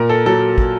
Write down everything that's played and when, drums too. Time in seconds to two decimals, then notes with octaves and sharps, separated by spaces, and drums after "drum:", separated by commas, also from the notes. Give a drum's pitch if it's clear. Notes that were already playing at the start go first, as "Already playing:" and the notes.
Already playing: A#2 A#4
0.09 A4
0.26 F#3 A4
0.58 drum: kick